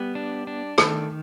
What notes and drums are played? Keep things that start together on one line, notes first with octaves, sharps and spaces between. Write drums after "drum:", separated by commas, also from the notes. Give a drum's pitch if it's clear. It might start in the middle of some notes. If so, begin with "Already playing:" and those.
Already playing: G3 B3 G4
D4
D4
D#3 A3 A4, drum: rim click